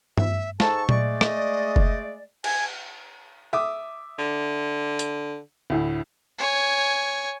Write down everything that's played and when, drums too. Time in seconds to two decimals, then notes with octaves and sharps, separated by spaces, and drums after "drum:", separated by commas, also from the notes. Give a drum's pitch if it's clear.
0.17 E5, drum: tom G2
0.60 G#2 A4 A5 C#6, drum: snare
0.89 G#3 A3 D5, drum: tom A#2
1.21 D#5, drum: rim click
1.76 drum: kick F#1
2.44 G#5, drum: cymbal
3.53 E5 D6 D#6
4.19 D3
4.99 drum: hi-hat
5.70 D2 A2 E4
6.39 C#5 G#5